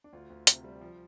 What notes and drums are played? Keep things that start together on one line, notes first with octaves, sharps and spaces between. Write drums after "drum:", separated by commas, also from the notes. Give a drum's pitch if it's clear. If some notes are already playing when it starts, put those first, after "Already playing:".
D4
D2 F4
D2
C3, drum: hi-hat
G3
F3